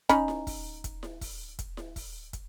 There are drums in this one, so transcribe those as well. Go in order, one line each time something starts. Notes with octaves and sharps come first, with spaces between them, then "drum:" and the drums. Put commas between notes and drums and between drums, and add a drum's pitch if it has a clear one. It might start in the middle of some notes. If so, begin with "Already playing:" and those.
C#4 D#4 B5, drum: kick, hi-hat
drum: snare E4
drum: kick, open hi-hat
drum: kick, hi-hat
drum: snare E4
drum: kick, open hi-hat
drum: kick, hi-hat
drum: snare E4
drum: kick, open hi-hat
drum: kick, hi-hat